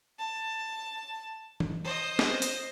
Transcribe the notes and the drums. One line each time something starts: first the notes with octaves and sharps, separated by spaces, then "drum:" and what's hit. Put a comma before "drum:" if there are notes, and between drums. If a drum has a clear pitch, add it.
A5
drum: tom E3
C5 D#5
drum: snare
drum: hi-hat